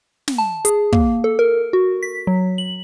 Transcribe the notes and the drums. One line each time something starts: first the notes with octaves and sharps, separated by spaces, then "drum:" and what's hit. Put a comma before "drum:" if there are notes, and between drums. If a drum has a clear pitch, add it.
drum: snare
A5
G#4, drum: hi-hat
A#3, drum: kick
A4
A#4
F#4
B6
F#3
F#7